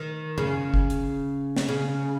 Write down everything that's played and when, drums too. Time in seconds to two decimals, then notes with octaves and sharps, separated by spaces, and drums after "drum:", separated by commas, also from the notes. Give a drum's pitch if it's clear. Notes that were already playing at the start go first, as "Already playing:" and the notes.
Already playing: D#3
0.38 C#3, drum: tom
0.74 drum: kick
0.90 drum: hi-hat
1.56 drum: snare
1.69 C#3